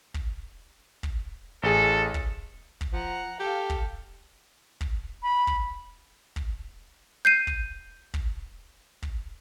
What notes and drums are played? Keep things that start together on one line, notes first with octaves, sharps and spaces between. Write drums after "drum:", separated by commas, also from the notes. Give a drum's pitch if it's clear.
drum: kick
drum: kick
A1 G#4 A4
drum: kick
drum: kick
F3 F#5 A#5
G4 A4 F5
drum: kick
drum: kick
B5
drum: kick
drum: kick
G6 C7 D#7
drum: kick
drum: kick
drum: kick